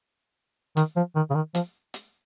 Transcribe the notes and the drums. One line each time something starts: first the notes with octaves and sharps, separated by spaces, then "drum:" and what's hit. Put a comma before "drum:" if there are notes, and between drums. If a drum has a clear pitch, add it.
D#3, drum: hi-hat
F3
D#3
C#3
D#3
F3, drum: hi-hat
drum: hi-hat